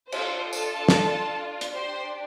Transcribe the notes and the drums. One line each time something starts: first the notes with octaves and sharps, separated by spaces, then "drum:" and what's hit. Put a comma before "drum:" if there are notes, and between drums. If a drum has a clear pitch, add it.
D4 F4 A4 C5, drum: cymbal
A4 A5, drum: tambourine
drum: snare
drum: hi-hat
D4 G4 C5 C6